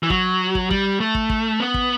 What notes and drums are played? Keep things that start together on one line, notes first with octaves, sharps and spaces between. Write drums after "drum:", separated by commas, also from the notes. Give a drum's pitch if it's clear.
E3
F#3, drum: kick
drum: kick
G3, drum: kick
A3
drum: kick
drum: kick
B3
drum: kick